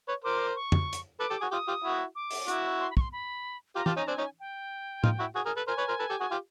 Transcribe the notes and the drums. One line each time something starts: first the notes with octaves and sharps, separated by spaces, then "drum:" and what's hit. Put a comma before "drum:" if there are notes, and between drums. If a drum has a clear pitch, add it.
B4 C#5
A#4 C5 D6
C#6
drum: tom F2
drum: hi-hat
A4 B4 D6
G4 A4
F#4 G#4
F4 G4 D#6
F4 G4
E4 F#4
D6
drum: open hi-hat
E4 F#4, drum: hi-hat
C6
B5
C#6, drum: kick
C6
B5
F4 G4 A#5
F4 G4 A5, drum: tom
C#4 D#4 A#5
C4 D4 G#5
C#4 D#4
G5
D#4 F4, drum: tom A2
E4 F#4
F#4 G#4
G#4 A#4
A4 B4
A#4 C5 G#5
B4 C#5
A#4 C5
A4 B4
G4 A4
F#4 G#4
F4 G4